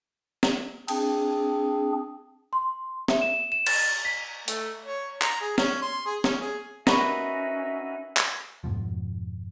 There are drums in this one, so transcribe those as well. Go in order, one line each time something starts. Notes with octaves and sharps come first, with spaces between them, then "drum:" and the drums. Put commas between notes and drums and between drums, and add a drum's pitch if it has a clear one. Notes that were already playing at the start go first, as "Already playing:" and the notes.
drum: snare
C4 D4 G#4, drum: cymbal
C6
E5, drum: snare
E7
E7
A6, drum: cymbal
B6
A3, drum: hi-hat
C#5
A#5, drum: clap
G#4
C#4, drum: snare
C6
G#4
C#4, drum: snare
G#4
C#4 D#4 F#4 A#4 B4 E5 B5 C#6, drum: snare
drum: clap
F2 G#2 B2 F3